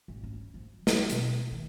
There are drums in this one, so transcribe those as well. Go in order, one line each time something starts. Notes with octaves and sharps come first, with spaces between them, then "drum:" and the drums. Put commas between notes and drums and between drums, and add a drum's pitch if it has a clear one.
G#1
C#4
F3
F#3, drum: snare
B2, drum: hi-hat
D#3